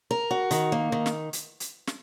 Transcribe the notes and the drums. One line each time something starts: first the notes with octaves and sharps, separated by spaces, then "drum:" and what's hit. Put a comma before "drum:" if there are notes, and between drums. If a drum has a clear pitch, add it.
A#4
F#4
D#3, drum: hi-hat
A#3
D#3
drum: snare
drum: hi-hat
drum: hi-hat
drum: snare